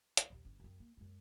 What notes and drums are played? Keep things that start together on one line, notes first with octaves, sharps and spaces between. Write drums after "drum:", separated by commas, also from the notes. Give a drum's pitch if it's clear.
D#2, drum: hi-hat
A#1 D#2
G1 D4
F#2 C4
A#3
F#2 G#3